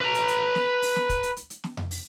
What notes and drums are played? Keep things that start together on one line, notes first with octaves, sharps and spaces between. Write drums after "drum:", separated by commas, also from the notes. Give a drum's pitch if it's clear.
B4 A#5
drum: hi-hat
drum: hi-hat
drum: snare
drum: open hi-hat
drum: snare
drum: kick, hi-hat
drum: hi-hat
drum: hi-hat
drum: hi-hat
drum: snare
drum: tom F2
drum: open hi-hat